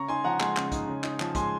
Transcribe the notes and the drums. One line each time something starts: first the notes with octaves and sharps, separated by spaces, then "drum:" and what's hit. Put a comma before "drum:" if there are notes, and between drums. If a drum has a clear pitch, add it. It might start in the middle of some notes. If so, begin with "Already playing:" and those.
Already playing: C#3 A#5 C#6
D#4 G#5 C6
F3 F#5 A#5
G#3 G#5 C6, drum: clap
C#3, drum: clap
D#4, drum: kick, hi-hat
C#3
D#4, drum: clap
F3, drum: clap
G#3 G#5 C6, drum: kick, hi-hat